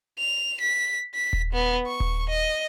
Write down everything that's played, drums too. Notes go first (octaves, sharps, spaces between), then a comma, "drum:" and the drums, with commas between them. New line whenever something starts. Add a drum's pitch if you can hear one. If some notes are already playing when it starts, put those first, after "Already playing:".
F7
B6
B6
drum: kick D#1
B3
C#6
drum: kick D#1
D#5